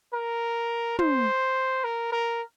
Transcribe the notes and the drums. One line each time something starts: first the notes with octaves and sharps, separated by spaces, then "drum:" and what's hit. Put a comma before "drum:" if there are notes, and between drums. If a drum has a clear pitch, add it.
A#4
C5, drum: tom
A#4
A#4